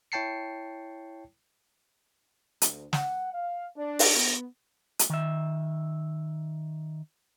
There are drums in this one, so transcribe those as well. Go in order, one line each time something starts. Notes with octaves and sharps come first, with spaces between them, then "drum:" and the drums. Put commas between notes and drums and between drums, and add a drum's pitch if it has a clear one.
E4 C#5 G5 A5 C7 C#7
D2, drum: hi-hat
F#5, drum: snare
F5
D4
drum: open hi-hat
B3
drum: hi-hat
D#3 E5